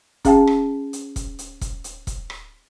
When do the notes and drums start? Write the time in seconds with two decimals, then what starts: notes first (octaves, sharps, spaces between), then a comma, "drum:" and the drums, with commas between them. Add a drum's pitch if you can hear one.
0.25 C#4 G#4 F5 G5 A5, drum: kick E1, hi-hat
0.47 drum: rim click
0.93 drum: hi-hat
1.16 drum: kick E1, hi-hat
1.39 drum: hi-hat
1.61 drum: kick E1, hi-hat
1.84 drum: hi-hat
2.07 drum: kick E1, hi-hat
2.30 drum: rim click